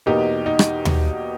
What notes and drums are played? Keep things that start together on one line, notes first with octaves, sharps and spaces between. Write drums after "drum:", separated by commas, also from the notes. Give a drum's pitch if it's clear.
E2 B2 A#3 D#4 G4
D#4
drum: rim click
drum: tom D#2